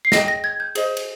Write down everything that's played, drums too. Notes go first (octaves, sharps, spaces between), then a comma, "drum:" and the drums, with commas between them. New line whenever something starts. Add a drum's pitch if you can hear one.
C7
G#4 D#5 G5 A#6, drum: snare
A#6
G#6
G6
G#4 C5 D#5, drum: cymbal
drum: cymbal